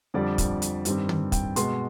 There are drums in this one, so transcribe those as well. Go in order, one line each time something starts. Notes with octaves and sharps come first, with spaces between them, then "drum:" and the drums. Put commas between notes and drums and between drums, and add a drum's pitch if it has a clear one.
F2 D3 G3 D5
drum: kick, hi-hat
drum: hi-hat
G2 D#3 G3 C4, drum: hi-hat
drum: tom
G5, drum: kick, hi-hat
B2 G#3 B3 C6, drum: hi-hat